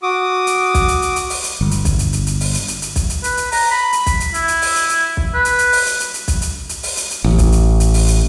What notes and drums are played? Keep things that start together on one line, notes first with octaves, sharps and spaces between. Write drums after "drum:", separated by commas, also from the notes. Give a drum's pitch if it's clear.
F#4 D6 D#6
drum: hi-hat
drum: kick B1, hi-hat
drum: hi-hat
drum: hi-hat
drum: hi-hat
drum: open hi-hat
drum: hi-hat
G1
drum: hi-hat
drum: kick B1, hi-hat
drum: hi-hat
drum: hi-hat
drum: hi-hat
drum: open hi-hat
drum: hi-hat
drum: hi-hat
drum: hi-hat
drum: kick B1, hi-hat
drum: hi-hat
B4, drum: hi-hat
drum: hi-hat
A#5, drum: open hi-hat
B5
drum: hi-hat
drum: kick B1, hi-hat
drum: hi-hat
E4, drum: hi-hat
drum: hi-hat
drum: open hi-hat
drum: hi-hat
drum: hi-hat
drum: kick B1
B4
drum: hi-hat
drum: hi-hat
drum: open hi-hat
drum: hi-hat
drum: hi-hat
drum: hi-hat
drum: kick B1, hi-hat
drum: hi-hat
drum: hi-hat
drum: open hi-hat
drum: hi-hat
drum: hi-hat
A1
drum: kick B1, hi-hat
drum: hi-hat
drum: hi-hat
drum: open hi-hat
drum: hi-hat